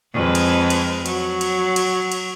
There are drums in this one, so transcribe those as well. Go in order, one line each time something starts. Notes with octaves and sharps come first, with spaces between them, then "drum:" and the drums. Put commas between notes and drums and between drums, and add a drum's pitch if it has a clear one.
F2 G#3 B4
drum: cymbal
drum: cymbal
F#3, drum: cymbal
drum: cymbal
drum: cymbal
drum: cymbal